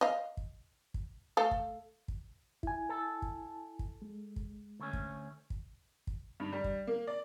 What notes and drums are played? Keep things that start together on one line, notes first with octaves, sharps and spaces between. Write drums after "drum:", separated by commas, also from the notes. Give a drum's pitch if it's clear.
D#5 F5
drum: kick
drum: kick
A3 A4 F5
drum: kick
drum: kick
E4 G#5, drum: kick
A4
drum: kick
drum: kick
G#3
drum: kick
D2 A3 C#4
drum: kick
drum: kick
drum: kick
G2
G3
drum: kick
A#3
D5